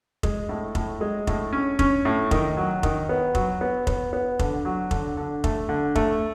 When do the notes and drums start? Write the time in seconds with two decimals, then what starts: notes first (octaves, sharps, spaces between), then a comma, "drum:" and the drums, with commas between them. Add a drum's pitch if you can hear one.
0.23 G#3, drum: kick F1
0.49 A2
0.75 A2, drum: kick F1
1.01 G#3
1.27 A2, drum: kick F1
1.53 C#4
1.79 C#4, drum: kick F1
2.05 A2
2.31 D#3, drum: kick F1
2.57 F#3
2.83 D#3, drum: kick F1
3.09 B3
3.35 F#3, drum: kick F1
3.61 B3
3.87 B3, drum: kick F1
4.13 B3
4.39 D3, drum: kick F1
4.65 F#3
4.91 D3, drum: kick F1
5.17 D3
5.44 A3, drum: kick F1
5.69 D3
5.95 A3, drum: kick F1